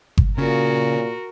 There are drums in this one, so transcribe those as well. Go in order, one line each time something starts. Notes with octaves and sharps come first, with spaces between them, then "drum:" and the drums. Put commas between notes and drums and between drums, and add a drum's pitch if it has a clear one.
drum: kick G1
A#2 C#3 F#4 A#4